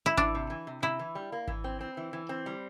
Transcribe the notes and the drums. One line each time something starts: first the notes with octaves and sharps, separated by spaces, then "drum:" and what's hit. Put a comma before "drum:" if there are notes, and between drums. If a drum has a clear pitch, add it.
E4
E3 D4, drum: kick G#1
C3
E3
C3
C3 E4
E3
G3
A#3
E3, drum: kick G#1
C4
C4
E3
E3
C4
G3